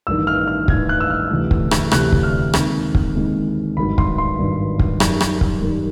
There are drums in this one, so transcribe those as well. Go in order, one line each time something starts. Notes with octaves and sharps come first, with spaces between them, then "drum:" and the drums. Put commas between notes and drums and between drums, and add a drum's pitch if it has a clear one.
A1 G2 D#3 E6
F6
F6
A1 G2 D#3 G#6, drum: kick
F#6
E6
F6
D2 C3 E3 A3
drum: kick
drum: rim click
D2 C3 E3 A3 F#6, drum: rim click
drum: kick
F6
D#2 D#3 G#3 C4, drum: rim click
drum: kick
D#2 D#3 G#3 C4
G#1 G2 D#3 F#3 B5
C6, drum: kick
C6
G#1 G2 D#3 F#3
drum: kick
F#2 D#3 G3, drum: rim click
drum: rim click
drum: kick
F#2 D#3 G3